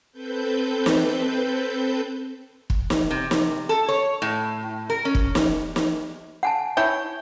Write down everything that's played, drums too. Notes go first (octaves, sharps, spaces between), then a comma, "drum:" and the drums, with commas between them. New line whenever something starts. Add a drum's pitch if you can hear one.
C4 A4 B4 G6
drum: snare
drum: kick
drum: snare
C3
drum: snare
A4
C#5
A2
A#4
C#4
drum: kick
drum: snare
drum: snare
F#5 G#5 A5
E4 C#5 G5